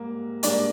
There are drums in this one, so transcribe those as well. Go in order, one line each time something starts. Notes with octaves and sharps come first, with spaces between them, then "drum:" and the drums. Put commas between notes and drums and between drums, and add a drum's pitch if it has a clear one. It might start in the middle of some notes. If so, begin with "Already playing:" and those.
Already playing: G#2 G3 A#3
G#2 G3 A#3 D4 D5, drum: hi-hat